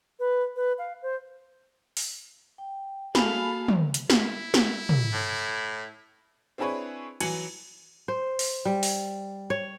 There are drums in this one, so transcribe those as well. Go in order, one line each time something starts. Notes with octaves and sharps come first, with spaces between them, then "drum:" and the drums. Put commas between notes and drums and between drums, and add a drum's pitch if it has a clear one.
B4
B4
F5
C5
drum: open hi-hat
G5
A#3 F#4 G#4 A4 F5 B5, drum: snare
drum: tom
drum: hi-hat
E4, drum: snare
drum: snare
drum: tom
A2
C4 D4 E4 G#4 B4 C#5
E3 F#3 G#5 C#7 F#7, drum: cymbal
C5
drum: open hi-hat
G3
drum: open hi-hat
C#5